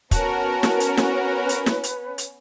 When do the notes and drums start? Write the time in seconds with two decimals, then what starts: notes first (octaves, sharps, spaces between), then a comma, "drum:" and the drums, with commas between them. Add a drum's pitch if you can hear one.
0.11 B3 C#4 F#4 A#4 A5, drum: kick, hi-hat
0.63 drum: snare
0.80 drum: hi-hat
0.97 drum: snare
1.10 B4
1.49 drum: hi-hat
1.66 drum: snare
1.84 drum: hi-hat
2.18 drum: hi-hat